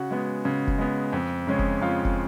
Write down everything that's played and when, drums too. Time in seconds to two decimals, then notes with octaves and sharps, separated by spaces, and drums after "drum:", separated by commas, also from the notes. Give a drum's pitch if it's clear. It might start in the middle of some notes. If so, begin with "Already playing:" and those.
Already playing: C#3 F#4 F#5
0.11 G#3 B3
0.45 C#3
0.67 drum: kick F1
0.78 G#3 B3
1.13 F2
1.47 C#3 G#3 C#4
1.59 drum: kick F1
1.81 F2 F4 F5
2.05 drum: kick F1